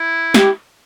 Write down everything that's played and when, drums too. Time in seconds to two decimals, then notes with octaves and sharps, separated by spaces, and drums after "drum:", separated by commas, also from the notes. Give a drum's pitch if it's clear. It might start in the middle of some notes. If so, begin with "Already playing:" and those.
Already playing: E4
0.34 G4, drum: snare